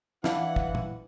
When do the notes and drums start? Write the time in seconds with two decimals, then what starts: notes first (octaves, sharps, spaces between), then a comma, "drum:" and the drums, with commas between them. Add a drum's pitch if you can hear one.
0.24 E3 D4 E4 F5 F#5, drum: snare
0.56 drum: kick
0.75 drum: tom